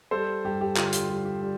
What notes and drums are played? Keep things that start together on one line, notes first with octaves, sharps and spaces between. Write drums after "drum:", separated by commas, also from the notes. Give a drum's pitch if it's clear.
G3 A4 C5
G2 G4
G4
D3 F4, drum: clap
G4, drum: hi-hat
G3 F4
G4
G3